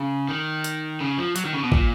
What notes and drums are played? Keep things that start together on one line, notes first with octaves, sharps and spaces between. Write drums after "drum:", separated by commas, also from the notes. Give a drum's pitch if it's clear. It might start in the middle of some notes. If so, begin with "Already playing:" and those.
Already playing: C#3
D#3
drum: hi-hat
C#3
F3
F#3, drum: hi-hat
D#3
C#3
B2
A#2, drum: kick